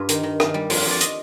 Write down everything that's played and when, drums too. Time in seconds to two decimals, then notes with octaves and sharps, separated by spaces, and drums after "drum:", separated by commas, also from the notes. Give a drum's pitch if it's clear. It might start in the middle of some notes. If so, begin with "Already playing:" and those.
Already playing: G2 F4
0.09 D#3, drum: hi-hat
0.23 D#3
0.40 D#3, drum: rim click
0.54 G3
0.70 F2 F4, drum: open hi-hat
0.80 G4
0.85 F2
0.91 D5
1.01 D#5, drum: hi-hat